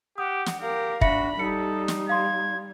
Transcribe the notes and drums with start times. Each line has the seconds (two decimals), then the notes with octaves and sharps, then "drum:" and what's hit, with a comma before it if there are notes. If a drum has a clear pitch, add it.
0.18 G4 F#5 D#6
0.46 drum: snare
0.61 G4 A#4 F5
1.01 D4 F#4 E5 B5 A#6 C#7, drum: kick
1.39 G3 D#4 A4 C#7
1.88 drum: snare
2.09 F5 C6 G#6